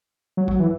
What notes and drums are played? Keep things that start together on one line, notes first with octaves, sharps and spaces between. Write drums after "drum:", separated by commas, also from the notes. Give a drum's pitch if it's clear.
F#3
F#3, drum: kick A#1
E3